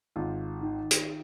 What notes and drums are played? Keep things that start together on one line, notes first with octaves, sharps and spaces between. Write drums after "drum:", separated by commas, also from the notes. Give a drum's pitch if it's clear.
G#1 F4
D#3
drum: hi-hat